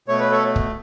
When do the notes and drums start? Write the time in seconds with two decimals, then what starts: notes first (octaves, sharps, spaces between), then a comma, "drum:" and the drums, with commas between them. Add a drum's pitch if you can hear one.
0.08 B2 A3 C#5
0.20 B4
0.31 A4 C#5
0.56 drum: kick